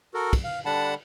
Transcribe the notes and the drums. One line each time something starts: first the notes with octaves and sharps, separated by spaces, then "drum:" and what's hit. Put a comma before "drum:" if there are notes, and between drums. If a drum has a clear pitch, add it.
F#4 A4 A#4
drum: kick, cymbal
F5
D3 G3 D4 F#5 A5 B5